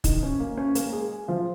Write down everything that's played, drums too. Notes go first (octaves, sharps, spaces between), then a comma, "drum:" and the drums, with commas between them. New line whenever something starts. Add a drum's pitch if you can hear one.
D#3 D#4, drum: kick, hi-hat
C#4
A#3
C#4
A#3 A#4, drum: hi-hat
G#3 G#4
F3 F4